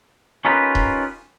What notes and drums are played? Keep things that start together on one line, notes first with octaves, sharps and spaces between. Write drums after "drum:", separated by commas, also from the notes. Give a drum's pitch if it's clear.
C#4 D#4 F4 G4 A#4 B4
drum: kick D#1